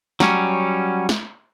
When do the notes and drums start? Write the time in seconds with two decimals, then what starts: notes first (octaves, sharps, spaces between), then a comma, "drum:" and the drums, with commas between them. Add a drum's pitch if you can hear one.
0.20 F#3 G3 C#4, drum: snare
1.09 drum: snare